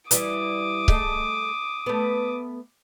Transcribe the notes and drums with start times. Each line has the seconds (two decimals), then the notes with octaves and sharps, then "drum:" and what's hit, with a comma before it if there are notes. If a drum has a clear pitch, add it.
0.11 E3 G3 D6 D#6, drum: hi-hat
0.88 A3 G#4 D#5, drum: kick C#1
1.86 A3 B3